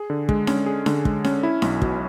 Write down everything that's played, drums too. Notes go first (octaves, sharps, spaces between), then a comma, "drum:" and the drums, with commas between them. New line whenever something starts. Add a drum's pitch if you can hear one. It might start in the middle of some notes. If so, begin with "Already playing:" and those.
Already playing: G#4
D3
G#3, drum: kick
C#4, drum: snare D4
G#4
D3, drum: snare D4
G#3, drum: kick
C#4, drum: snare D4
E4
B1, drum: snare D4
B2, drum: kick